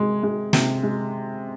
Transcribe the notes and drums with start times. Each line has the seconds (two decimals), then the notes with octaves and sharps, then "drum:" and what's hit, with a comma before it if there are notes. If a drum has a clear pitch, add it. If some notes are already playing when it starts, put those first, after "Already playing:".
Already playing: C3 G#3
0.23 G#3
0.53 C3, drum: snare
0.83 G#3